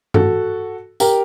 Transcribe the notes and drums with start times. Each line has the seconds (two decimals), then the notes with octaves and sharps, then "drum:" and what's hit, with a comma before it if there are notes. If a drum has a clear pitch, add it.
0.14 F#4 A4, drum: tom G2
1.00 G4 A#4, drum: tambourine